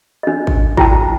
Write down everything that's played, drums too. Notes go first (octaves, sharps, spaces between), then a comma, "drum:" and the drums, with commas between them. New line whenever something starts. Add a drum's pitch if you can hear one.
D4 D#5
drum: kick G#1
E4 G5 A5, drum: kick G#1